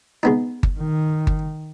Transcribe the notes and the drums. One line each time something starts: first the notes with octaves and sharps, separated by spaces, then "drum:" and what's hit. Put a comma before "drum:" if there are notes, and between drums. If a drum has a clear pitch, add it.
G#3 B3 D#4
drum: kick G1
D#3
drum: kick G1